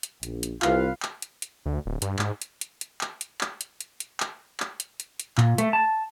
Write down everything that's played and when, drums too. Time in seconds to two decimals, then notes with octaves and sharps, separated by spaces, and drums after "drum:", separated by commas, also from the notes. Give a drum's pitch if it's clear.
0.03 drum: hi-hat
0.23 A#1, drum: hi-hat
0.43 drum: hi-hat
0.62 C2 F4 B4 F5, drum: clap
1.03 drum: clap
1.22 drum: hi-hat
1.42 drum: hi-hat
1.66 D2
1.86 D1
2.02 G2, drum: hi-hat
2.19 G#2, drum: clap
2.42 drum: hi-hat
2.61 drum: hi-hat
2.81 drum: hi-hat
3.01 drum: clap
3.21 drum: hi-hat
3.41 drum: clap
3.61 drum: hi-hat
3.81 drum: hi-hat
4.00 drum: hi-hat
4.20 drum: clap
4.60 drum: clap
4.80 drum: hi-hat
5.00 drum: hi-hat
5.20 drum: hi-hat
5.38 A#2, drum: clap
5.58 A3, drum: hi-hat
5.73 A5